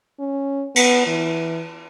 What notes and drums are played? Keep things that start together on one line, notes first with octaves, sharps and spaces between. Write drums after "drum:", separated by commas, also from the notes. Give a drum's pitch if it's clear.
C#4
B3, drum: cymbal
E3